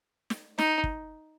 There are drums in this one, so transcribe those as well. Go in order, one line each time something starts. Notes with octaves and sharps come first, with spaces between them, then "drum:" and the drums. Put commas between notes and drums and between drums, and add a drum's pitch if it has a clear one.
drum: snare
D#4, drum: snare
drum: kick